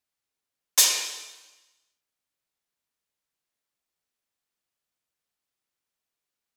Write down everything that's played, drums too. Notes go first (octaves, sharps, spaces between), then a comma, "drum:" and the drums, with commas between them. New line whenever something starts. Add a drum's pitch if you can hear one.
B2 D3 A#3 G4
drum: hi-hat
E6 G6 A6 A#6 C7 D7
C6